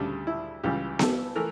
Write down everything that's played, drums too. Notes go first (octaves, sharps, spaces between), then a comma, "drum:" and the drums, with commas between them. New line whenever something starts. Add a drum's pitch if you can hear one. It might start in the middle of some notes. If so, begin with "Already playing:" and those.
Already playing: D2 C#3 G3 D4
E4
C#2 C#3 E3 G3 G4
A4, drum: snare B3
E3 A3 A#4